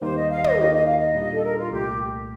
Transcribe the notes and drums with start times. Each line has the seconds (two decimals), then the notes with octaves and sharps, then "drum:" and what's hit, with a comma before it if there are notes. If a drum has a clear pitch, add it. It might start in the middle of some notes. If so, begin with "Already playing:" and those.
0.02 D#2 D#3 G3 A#3 D#4 C5
0.16 D#5
0.30 F5
0.44 D#5, drum: tom
0.58 D#2 D#3 A#3 D#4 D#5
0.72 D#5
0.85 F5
0.97 D#5
1.14 A#2 G3 D4
1.33 A4
1.43 A#4
1.57 F4
1.71 C2 A#2 A3 G4